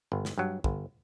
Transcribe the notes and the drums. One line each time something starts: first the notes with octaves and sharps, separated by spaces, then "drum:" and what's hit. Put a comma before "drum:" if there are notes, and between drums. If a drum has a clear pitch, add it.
G1
drum: snare
G2 F#3
G1, drum: kick